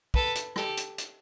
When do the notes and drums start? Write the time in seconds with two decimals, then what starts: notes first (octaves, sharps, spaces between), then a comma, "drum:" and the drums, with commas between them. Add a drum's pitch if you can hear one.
0.14 A4 B4, drum: kick
0.35 drum: hi-hat
0.56 G4 A4, drum: rim click
0.77 drum: hi-hat
0.98 drum: hi-hat